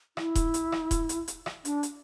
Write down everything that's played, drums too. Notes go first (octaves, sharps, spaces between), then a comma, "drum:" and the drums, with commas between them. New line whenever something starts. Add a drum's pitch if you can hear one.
E4, drum: rim click
drum: kick D#1, hi-hat
drum: hi-hat
drum: rim click
drum: kick D#1, hi-hat
drum: hi-hat
drum: hi-hat
drum: rim click
D4, drum: hi-hat
drum: hi-hat